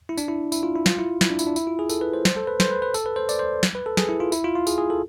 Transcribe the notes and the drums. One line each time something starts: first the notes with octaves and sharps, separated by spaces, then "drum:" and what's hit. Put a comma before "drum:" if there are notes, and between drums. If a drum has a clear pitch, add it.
E4
D4, drum: tambourine
E4
E4, drum: tambourine
F4
E4
F4, drum: snare
E4
E4, drum: snare
D4
E4, drum: tambourine
D4
E4, drum: tambourine
F4
G#4
A4, drum: tambourine
B4
C5
C5, drum: snare
A4
B4
C5, drum: snare
B4
B4
A4, drum: tambourine
B4
C5
D5, drum: tambourine
C5
drum: snare
B4
A4
G#4, drum: snare
E4
F4
E4, drum: tambourine
F4
F4
G#4, drum: tambourine
G#4
A4